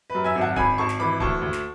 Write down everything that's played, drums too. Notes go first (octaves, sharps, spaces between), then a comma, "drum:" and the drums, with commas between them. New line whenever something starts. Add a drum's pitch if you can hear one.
F#2 B4
E5 G#5
G#1
F#5 A5
G#1 G#5 B5, drum: kick D1
G#1 A5 C#6
drum: snare
E3 B5 D6
D2 A5 C#6, drum: kick D1
D2
drum: snare